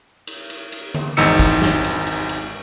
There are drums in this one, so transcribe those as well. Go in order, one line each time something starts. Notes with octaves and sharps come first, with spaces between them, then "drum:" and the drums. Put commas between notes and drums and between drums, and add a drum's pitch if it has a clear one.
drum: cymbal
drum: cymbal
drum: cymbal
drum: tom D3
G#1 E2 D#4 E6 C#7, drum: cymbal
drum: kick, cymbal
drum: snare
drum: cymbal
drum: cymbal
drum: cymbal